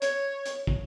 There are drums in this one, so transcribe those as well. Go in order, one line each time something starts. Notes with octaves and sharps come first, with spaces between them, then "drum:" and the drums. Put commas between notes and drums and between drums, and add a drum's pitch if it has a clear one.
C#5, drum: hi-hat
drum: hi-hat
drum: kick